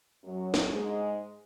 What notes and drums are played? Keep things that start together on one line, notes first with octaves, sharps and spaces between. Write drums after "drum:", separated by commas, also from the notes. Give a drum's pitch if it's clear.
F#2 F#3
drum: snare
G#2 G#3